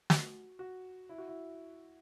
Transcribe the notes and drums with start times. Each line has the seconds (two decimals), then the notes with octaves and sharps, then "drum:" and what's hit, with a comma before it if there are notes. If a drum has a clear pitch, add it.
0.10 F#4, drum: snare
0.59 F#4
1.09 E4
1.18 F#4
1.28 E4